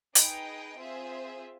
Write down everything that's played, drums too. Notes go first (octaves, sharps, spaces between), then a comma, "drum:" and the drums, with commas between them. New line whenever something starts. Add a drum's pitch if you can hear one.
D#4 G#4 B4 D#5 G5, drum: hi-hat
C4 F4 G#4 C5 E5